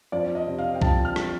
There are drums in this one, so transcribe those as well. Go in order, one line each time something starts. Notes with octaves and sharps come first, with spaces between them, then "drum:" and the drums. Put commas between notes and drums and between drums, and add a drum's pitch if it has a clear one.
F2 D5
D#5
C3
F5
G5
F3 A5, drum: kick B1
F6
drum: rim click